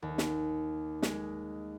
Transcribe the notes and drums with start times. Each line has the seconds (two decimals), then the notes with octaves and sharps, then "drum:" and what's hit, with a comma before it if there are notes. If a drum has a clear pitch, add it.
0.02 D#2
0.18 drum: snare
1.02 G#3, drum: snare